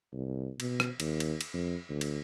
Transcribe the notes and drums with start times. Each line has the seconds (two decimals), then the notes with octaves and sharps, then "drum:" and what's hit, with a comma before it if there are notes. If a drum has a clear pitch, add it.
0.13 C2
0.60 B2, drum: cymbal
0.80 drum: rim click
1.00 D#2, drum: cymbal
1.20 drum: cymbal
1.41 drum: cymbal
1.54 F2
1.90 D2
2.01 drum: cymbal